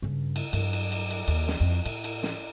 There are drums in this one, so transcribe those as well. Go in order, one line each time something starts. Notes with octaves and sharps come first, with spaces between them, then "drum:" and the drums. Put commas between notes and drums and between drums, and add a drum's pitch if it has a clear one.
G2 C#3
drum: cymbal
G2 F#3, drum: cymbal
drum: cymbal
drum: cymbal
drum: cymbal
D#2, drum: cymbal
drum: snare
F2
A2, drum: cymbal
drum: cymbal
drum: snare